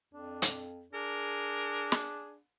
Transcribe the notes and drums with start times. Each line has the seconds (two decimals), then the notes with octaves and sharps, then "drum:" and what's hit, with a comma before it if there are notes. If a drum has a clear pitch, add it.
0.14 F2 D4
0.42 drum: hi-hat
0.94 D4 G#4 A#4
1.92 drum: snare